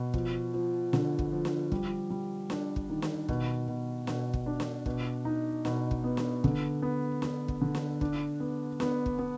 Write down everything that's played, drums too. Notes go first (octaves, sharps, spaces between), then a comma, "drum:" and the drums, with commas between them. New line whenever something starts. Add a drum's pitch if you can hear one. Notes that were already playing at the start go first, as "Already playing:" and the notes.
Already playing: B2
F3, drum: kick
F3
D3, drum: snare
drum: kick
F3
drum: snare
G3, drum: kick
G3
D4, drum: snare
drum: kick
D#3
drum: snare
B2, drum: kick
B2
B2, drum: snare
drum: kick
D4
drum: snare
B2, drum: kick
D#4
B2, drum: snare
drum: kick
B3
drum: snare
D3, drum: kick
B3
B3, drum: snare
drum: kick
D3
drum: snare
D4, drum: kick
B3
B3, drum: snare
drum: kick
B3